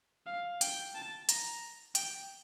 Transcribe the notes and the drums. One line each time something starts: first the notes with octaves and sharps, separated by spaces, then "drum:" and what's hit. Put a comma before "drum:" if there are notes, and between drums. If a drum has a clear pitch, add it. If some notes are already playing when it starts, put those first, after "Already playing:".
F5
G5, drum: hi-hat
A5
A#5, drum: hi-hat
G5, drum: hi-hat